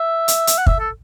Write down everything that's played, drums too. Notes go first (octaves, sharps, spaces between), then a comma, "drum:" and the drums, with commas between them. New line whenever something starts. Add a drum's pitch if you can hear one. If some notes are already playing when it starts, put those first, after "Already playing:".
Already playing: E5
drum: hi-hat
drum: hi-hat
F#5
E5, drum: kick
A4